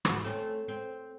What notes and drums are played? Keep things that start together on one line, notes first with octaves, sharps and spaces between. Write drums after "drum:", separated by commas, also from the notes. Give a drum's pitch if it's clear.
E2 G#2 F#4, drum: rim click
A3 C4 C#4
C4